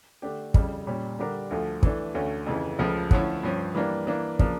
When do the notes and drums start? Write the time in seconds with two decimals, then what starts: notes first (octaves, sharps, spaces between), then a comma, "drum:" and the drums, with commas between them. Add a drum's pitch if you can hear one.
0.22 D3 A3 D4 G4
0.54 F2 C#3 G3, drum: kick
0.87 A#2 G3 C#4
1.19 D3 G3 D4 G4 A#4
1.51 D2 D3 F3 A3
1.83 E3 A3 D4, drum: kick
2.14 D2 D3 A3 C#4
2.46 F2 C#3 E3
2.79 C#2 C#3 F3 A3
3.11 D3 F3 A3 C#4 E4, drum: kick
3.43 G2 F3 C#4
3.75 E3 G3 A#3 D4
4.07 E3 A#3 D4
4.39 C#3 F3 A#3 D4, drum: kick